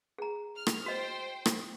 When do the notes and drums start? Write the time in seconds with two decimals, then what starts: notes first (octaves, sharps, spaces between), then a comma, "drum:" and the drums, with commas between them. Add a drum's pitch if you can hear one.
0.18 G#4 A#5
0.56 F6
0.67 drum: rim click
0.86 F#4 C5 D#5 G5
1.46 drum: rim click